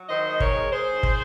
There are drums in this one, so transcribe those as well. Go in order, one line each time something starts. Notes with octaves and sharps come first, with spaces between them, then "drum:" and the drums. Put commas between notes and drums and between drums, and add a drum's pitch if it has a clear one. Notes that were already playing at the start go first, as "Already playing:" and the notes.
Already playing: F#3
D#3 C5 D#5
G#3 D#5
A#4 C#5, drum: kick
G#3
G#3 G#4 C5
D#3
drum: kick